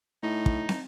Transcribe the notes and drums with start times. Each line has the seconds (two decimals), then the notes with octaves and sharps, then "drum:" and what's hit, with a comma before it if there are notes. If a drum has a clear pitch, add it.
0.23 A2 D#4
0.46 drum: kick
0.69 drum: snare